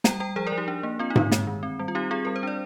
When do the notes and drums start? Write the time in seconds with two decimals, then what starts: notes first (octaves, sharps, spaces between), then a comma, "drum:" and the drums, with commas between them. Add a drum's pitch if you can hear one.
0.04 G3 G5 A#5, drum: snare
0.20 G3 G5 A#5
0.36 F3 G#4 C5
0.47 A#4 D5
0.52 F3
0.57 D#4 G4
0.68 D4
0.83 A#3
0.99 C4 F4
1.10 D#4
1.16 D3, drum: tom G#2
1.32 G#3, drum: snare
1.47 D#3
1.63 C4
1.79 G3
1.88 F4
1.95 C4 D#4 G4
2.11 C4 F4 G#4
2.25 G3 A#4
2.36 C5
2.43 D4 D5